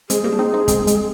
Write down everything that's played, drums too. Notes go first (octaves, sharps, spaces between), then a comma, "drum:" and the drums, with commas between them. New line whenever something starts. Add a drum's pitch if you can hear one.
G#3 C4 G#4, drum: hi-hat
G3 A#3
D4
C4 D#4
C4 D#4
G#3 C4, drum: kick, hi-hat
G#3, drum: hi-hat